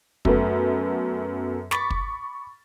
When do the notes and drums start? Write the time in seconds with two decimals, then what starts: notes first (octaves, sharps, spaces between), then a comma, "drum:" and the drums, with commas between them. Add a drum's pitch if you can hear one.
0.25 F#2 A3 B3, drum: kick
1.71 B5 C#6 D6 A6 B6, drum: snare
1.90 drum: kick